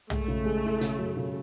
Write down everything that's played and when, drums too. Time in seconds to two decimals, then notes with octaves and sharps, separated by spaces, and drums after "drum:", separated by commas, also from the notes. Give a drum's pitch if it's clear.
0.10 G#3 A3, drum: tom
0.28 C#3
0.45 G#3
0.64 E4
0.81 C#3, drum: hi-hat
0.98 F#2
1.17 C#3